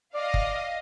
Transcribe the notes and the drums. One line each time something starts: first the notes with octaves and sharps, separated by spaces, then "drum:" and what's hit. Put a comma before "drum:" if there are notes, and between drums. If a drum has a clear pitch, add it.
D5 D#5 F5
drum: kick